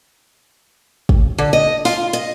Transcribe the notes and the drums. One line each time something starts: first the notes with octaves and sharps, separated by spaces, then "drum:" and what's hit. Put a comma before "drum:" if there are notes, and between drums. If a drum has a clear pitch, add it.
drum: kick
D3
D#5
F4, drum: open hi-hat
D#5, drum: hi-hat